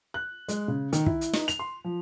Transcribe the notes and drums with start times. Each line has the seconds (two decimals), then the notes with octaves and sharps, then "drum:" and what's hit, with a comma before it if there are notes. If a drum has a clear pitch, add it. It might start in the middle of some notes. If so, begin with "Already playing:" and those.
0.14 F#6
0.48 G#3, drum: hi-hat
0.68 C#3
0.93 D#3, drum: hi-hat
1.06 E4, drum: kick
1.21 drum: hi-hat
1.33 D#4, drum: snare
1.48 F7, drum: hi-hat
1.59 C6
1.84 F3